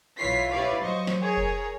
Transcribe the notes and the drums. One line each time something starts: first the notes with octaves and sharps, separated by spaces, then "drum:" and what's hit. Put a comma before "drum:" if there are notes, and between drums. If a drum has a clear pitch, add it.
B1 E3 F4 C#5 B6 C7
E4 G4 B4 C#5 D5 F5
F#3 C5 D#5 C#6
drum: snare
G#4 A#4 C#5
drum: kick F1